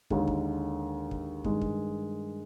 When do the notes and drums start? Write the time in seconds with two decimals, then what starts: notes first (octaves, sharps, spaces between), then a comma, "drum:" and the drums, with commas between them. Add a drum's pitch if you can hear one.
0.10 D#2 D3 G#3 D#4, drum: kick
0.28 drum: kick
1.11 drum: kick
1.44 G2 D#3 G#3, drum: kick
1.61 drum: kick